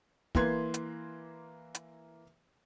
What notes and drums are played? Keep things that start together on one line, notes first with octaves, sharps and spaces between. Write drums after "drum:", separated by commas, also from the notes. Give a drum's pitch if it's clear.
E3 A#3 B4 C6 G#6, drum: kick
drum: hi-hat
drum: hi-hat